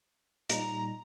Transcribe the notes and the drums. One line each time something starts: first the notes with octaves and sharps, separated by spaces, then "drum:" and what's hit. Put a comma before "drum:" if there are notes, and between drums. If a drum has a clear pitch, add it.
A#2 G3 D#4 A#5, drum: hi-hat